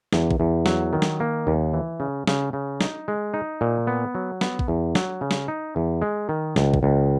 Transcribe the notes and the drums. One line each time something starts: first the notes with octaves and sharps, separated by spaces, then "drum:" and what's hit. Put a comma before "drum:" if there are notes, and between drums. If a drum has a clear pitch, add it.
E2, drum: snare
drum: kick A#1
E2
F#3, drum: snare
D#3
drum: snare
A#3
D#2
E3
C#3
C#3, drum: snare
C#3
D#4, drum: snare
G#3
D#4
A#2
B3
F#3
B3, drum: snare
drum: kick A#1
E2
F#3, drum: snare
C#3
drum: snare
D#4
E2
G#3
D#3
C#2, drum: snare
drum: kick A#1
C#2